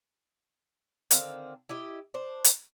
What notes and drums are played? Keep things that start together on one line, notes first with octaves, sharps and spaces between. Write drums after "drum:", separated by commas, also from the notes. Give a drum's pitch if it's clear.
D3 D#3 C4 F5, drum: hi-hat
E4 G4 D#5
D4 C5
drum: hi-hat